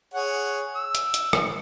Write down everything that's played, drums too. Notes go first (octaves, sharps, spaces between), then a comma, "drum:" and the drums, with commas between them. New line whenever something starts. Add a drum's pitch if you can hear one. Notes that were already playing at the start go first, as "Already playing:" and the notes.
G#4 C#5 F#5
E6
drum: hi-hat
drum: hi-hat
drum: rim click